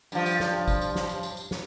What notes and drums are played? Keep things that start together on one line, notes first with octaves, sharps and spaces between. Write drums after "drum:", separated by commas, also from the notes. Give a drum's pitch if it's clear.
G2 F3, drum: tambourine
drum: tambourine
drum: snare
drum: kick G#1, tambourine
drum: tambourine
drum: snare
drum: tambourine
drum: tambourine
drum: tambourine
drum: snare